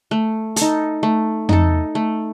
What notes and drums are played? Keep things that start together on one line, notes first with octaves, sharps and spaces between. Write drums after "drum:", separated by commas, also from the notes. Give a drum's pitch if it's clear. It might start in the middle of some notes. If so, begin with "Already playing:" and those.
A3
D#4 A4, drum: hi-hat
A3
D#4 A4, drum: tom
A3